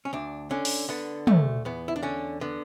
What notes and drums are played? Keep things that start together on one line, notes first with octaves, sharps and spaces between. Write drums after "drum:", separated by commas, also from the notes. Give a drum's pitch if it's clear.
C#4
D2 D4
D3 C#4
drum: open hi-hat
D3 B3
D2 A3, drum: tom
E2 B3
E4
D4
D3 C#4
D3 B3